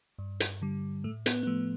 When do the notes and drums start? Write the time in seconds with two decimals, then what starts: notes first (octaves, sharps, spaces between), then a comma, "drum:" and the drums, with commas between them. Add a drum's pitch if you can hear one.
0.19 G2
0.40 drum: hi-hat
0.62 D3 G3
1.04 A2 A3
1.26 B3, drum: hi-hat
1.43 B3
1.47 F3 A3